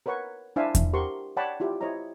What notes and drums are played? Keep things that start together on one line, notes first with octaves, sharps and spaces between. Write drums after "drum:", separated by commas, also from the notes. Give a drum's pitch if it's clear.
A#4 B4 C#5 F#5 C#6
D4 E4 C5 E5 F5 G#5
drum: kick E2, hi-hat
G4 A#4 C5 F#5 C6 C#6
C#5 D5 F#5 G5 A5 B5
E4 F4 G4
E4 C5 C#5 D#5 A#5